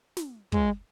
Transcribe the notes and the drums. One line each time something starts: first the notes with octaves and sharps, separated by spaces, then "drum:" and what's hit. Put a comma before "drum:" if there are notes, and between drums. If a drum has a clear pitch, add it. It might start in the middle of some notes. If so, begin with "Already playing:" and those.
drum: snare
G#3, drum: kick